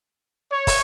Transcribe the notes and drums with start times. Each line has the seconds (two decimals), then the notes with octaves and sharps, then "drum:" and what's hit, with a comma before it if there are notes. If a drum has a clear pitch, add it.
0.52 C#5
0.67 drum: kick, open hi-hat